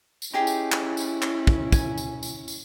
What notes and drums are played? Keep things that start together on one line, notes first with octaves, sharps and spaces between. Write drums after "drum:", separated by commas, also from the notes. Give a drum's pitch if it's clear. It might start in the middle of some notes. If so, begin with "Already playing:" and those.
drum: tambourine
C#4 D#4 E4 G4 G#4
drum: tambourine
drum: clap
drum: tambourine
drum: clap
drum: kick
G#5, drum: kick, tambourine
drum: tambourine
drum: tambourine
drum: tambourine